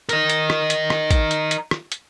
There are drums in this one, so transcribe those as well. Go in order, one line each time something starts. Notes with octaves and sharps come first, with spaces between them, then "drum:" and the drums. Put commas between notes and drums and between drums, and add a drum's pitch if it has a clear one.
A#4 D#5, drum: hi-hat
drum: hi-hat
drum: rim click
drum: hi-hat
drum: rim click
drum: kick A1, hi-hat
drum: hi-hat
drum: hi-hat
drum: rim click
drum: hi-hat